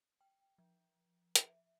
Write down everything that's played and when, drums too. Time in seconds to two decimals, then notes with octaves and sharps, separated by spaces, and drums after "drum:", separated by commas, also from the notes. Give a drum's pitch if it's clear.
0.21 G5
0.58 F3
1.36 E5, drum: hi-hat